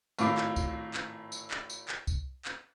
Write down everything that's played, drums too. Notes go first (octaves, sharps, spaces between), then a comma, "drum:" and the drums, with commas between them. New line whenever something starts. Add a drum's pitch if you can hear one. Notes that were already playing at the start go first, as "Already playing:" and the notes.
G#1 A2 F4 D6, drum: tambourine
drum: clap
drum: kick C2, tambourine
drum: clap
drum: tambourine
drum: clap
drum: tambourine
drum: clap
drum: kick C2, tambourine
drum: clap